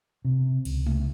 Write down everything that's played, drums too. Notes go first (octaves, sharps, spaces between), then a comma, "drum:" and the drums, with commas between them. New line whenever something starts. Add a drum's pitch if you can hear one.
C3
C#2, drum: cymbal
drum: tom G#3